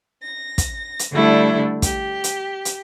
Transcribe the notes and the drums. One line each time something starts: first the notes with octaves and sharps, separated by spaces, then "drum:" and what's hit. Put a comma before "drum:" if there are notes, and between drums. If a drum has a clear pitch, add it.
A#6
drum: kick, hi-hat
drum: hi-hat
D3 G3 A3 D4 E4
G4, drum: kick, hi-hat
drum: hi-hat
drum: hi-hat